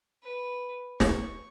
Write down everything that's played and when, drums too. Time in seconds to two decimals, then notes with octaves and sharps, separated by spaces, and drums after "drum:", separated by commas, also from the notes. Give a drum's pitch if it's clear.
0.23 B4
1.00 C#6, drum: snare